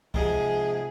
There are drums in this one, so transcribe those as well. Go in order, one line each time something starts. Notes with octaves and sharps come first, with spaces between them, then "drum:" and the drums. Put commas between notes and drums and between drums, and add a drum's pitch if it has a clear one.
G#2 C3 F3 G#4, drum: kick